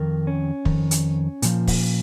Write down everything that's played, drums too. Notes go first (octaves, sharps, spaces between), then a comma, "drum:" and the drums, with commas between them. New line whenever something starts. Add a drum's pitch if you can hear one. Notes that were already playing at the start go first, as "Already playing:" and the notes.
Already playing: F2 D#3 A#4
C#4
F2 D#3, drum: kick
drum: hi-hat
A#2 F3, drum: hi-hat
drum: kick, open hi-hat